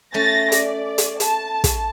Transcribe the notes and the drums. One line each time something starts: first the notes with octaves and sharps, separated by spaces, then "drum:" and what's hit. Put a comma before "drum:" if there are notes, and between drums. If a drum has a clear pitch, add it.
A3 C#4 A6 A#6
D5, drum: hi-hat
drum: hi-hat
A5, drum: hi-hat
drum: kick, hi-hat